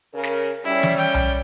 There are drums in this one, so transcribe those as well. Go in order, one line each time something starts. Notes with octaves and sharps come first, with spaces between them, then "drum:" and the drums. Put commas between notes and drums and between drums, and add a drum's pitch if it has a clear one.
C#3 A#4
drum: snare
G3 C#4 E4
drum: tom E3
G5
drum: tom B1